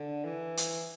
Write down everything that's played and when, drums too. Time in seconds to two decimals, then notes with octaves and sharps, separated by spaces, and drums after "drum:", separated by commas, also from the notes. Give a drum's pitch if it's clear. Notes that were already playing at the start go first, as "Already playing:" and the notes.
Already playing: D3
0.25 E3
0.57 drum: hi-hat